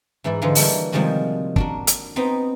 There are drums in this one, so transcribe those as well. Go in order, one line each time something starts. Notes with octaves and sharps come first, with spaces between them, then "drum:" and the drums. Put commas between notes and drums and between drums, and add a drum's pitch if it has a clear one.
G#2 E3 E4 D5
D3 E3 F3 G#3 F4
E3 G3 A#3 D4 F#4, drum: open hi-hat
C3 D#3 F3 G3 G#3 F#4
D4 F#4 A#4, drum: kick
drum: hi-hat
B3 C4 D#4